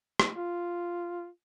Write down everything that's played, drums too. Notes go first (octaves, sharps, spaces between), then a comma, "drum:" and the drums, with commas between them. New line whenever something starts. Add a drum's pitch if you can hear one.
drum: rim click
F4